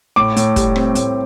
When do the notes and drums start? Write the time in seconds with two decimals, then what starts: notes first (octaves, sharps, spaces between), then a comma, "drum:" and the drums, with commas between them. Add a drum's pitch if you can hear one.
0.16 A2 D6
0.36 A2, drum: hi-hat
0.56 G3, drum: kick, hi-hat
0.76 C4, drum: rim click
0.95 A2, drum: hi-hat